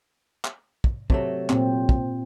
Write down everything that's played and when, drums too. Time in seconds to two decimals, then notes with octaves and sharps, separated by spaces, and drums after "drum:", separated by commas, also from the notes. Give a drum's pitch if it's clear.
0.45 drum: clap
0.84 drum: kick
1.10 C3 F#3 A3, drum: kick
1.50 A#2 C4, drum: clap
1.89 drum: kick